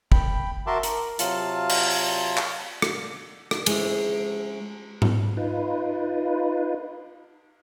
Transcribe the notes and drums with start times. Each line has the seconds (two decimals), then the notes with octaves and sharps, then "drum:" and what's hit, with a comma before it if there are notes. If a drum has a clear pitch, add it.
0.12 G5 B5, drum: kick
0.67 F#4 A#4 E5 A5 C6 D6
0.83 A#4, drum: hi-hat
1.19 C3 F#3 F4 F5 A5, drum: hi-hat
1.69 drum: cymbal
1.91 drum: open hi-hat
2.37 drum: clap
2.82 drum: rim click
3.51 drum: rim click
3.66 G#3 C4 C#4 E4, drum: cymbal
5.02 drum: tom G#2
5.37 D#4 F4 B4